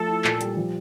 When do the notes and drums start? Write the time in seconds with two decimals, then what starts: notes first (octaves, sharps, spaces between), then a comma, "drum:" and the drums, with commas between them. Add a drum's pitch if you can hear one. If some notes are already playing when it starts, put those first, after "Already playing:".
Already playing: F3 A3 A4
0.09 E4
0.24 A#2, drum: clap
0.41 G3, drum: hi-hat
0.57 F3